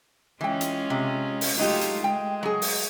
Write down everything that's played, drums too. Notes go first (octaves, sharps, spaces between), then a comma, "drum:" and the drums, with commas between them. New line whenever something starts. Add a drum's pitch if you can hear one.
E3 G#3 C#4 F4 G5
drum: hi-hat
C3
drum: open hi-hat
F#3 G#3 A3 D#4 F4 G4
drum: hi-hat
G#3 G5
F#3 G#4
drum: open hi-hat